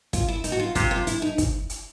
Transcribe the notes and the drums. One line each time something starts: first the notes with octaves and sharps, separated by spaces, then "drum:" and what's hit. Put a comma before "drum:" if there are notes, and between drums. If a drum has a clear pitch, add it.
F4, drum: kick, hi-hat
E4
D#4, drum: hi-hat
F#4
F4
C3 F4, drum: kick, hi-hat
F4
E4, drum: hi-hat
D#4
drum: kick, hi-hat
drum: hi-hat